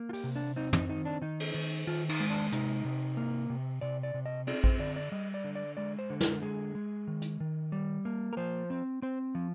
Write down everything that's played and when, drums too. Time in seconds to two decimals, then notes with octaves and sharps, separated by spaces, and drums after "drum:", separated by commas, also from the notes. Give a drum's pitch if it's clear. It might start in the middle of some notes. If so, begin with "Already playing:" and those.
Already playing: A#3
0.09 F4
0.13 G4, drum: open hi-hat
0.24 C3
0.36 D4
0.56 C4 D#4
0.73 D#4, drum: tom
0.89 D#3 D#4
1.05 D4
1.22 D#3 D#4
1.40 drum: cymbal
1.54 D#3
1.87 D#3 F4
2.09 D#4, drum: cymbal
2.20 G#3
2.30 D4
2.52 C3 D#4, drum: hi-hat
2.85 C3
3.17 A#3
3.50 C3
3.81 C3 D5
4.03 D5
4.14 C3
4.26 D#5
4.47 C4 D5, drum: cymbal
4.64 C5, drum: kick A1
4.79 D3 D5
4.96 D5
5.12 G3 D#5
5.34 D5
5.44 D3
5.55 D5
5.77 G#3 D5
5.99 C5
6.10 D3
6.20 A#4, drum: snare
6.42 G#3 G#4
6.75 G#3
7.07 D#3
7.22 drum: hi-hat
7.40 D#3
7.72 G3
8.05 A#3
8.33 A#4
8.37 F3 C5
8.70 C4
9.02 C4 C5
9.35 F3